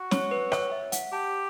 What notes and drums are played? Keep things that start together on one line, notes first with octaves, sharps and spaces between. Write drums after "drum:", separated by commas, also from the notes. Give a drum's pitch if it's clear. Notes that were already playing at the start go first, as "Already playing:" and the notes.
Already playing: F#4
C#5, drum: snare
B4
C#5, drum: rim click
E5
F#5, drum: hi-hat
G4 A5